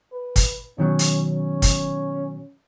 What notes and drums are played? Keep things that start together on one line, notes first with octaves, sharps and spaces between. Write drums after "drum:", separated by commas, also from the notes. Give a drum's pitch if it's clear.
B4
drum: kick, hi-hat
B2 D#3 F#3 C#4
drum: hi-hat
C#4
drum: kick, hi-hat